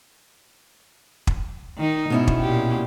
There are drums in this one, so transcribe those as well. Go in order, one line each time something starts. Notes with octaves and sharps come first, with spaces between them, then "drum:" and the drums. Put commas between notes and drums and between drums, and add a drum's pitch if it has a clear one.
drum: kick
D#3 D#4
G#2 B2 C#4 E4
drum: kick
A#2 G4